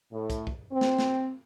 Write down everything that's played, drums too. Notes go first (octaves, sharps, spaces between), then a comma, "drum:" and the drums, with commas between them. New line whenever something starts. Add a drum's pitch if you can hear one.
A2
drum: kick, hi-hat
drum: kick
C4
drum: snare
drum: snare